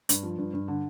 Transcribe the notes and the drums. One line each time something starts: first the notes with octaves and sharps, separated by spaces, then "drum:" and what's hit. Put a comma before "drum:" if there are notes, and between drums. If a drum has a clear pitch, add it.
G2, drum: hi-hat
F3
G2
G2
D3